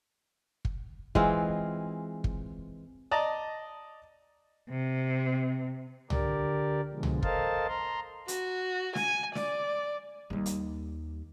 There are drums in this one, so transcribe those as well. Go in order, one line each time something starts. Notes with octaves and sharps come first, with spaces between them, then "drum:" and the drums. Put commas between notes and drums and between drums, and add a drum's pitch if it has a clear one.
drum: kick
E3 G#3 C4 F4, drum: kick
drum: kick
D5 D#5 A5 A#5
C3
D3 G4 A#4 D5, drum: tom
B2 D3 F3 G#3
drum: tom
A4 A#4 C5 D#5 F5 A5, drum: kick
A#5 C6
F#4, drum: hi-hat
G#5, drum: snare
D5, drum: snare
D#2 G3
drum: hi-hat